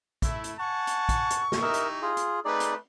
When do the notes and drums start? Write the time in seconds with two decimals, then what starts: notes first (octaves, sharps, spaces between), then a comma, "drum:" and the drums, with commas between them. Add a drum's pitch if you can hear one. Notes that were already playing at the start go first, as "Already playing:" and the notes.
0.22 A3 E4, drum: kick, hi-hat
0.44 drum: hi-hat
0.59 F#5 G#5 A5 C#6
0.87 drum: hi-hat
1.09 drum: kick, hi-hat
1.30 drum: hi-hat
1.52 drum: snare
1.62 D#4 E4 G4 A#4 D#5 E5
1.74 drum: hi-hat
2.02 F4 G#4
2.17 drum: hi-hat
2.45 A3 C4 D#4 G#4 B4 D5
2.60 drum: hi-hat